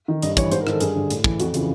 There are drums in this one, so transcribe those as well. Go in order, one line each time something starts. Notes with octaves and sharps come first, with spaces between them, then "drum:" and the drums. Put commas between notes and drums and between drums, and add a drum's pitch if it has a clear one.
D#3
G2 D#5, drum: hi-hat
E3 C#5, drum: kick, hi-hat
G#2 C5, drum: hi-hat
A#4
D#3 A4, drum: rim click
G2 G#4, drum: hi-hat
D3
A2, drum: hi-hat
E3, drum: kick
F2 F#4, drum: hi-hat
C#3 E3 F4, drum: hi-hat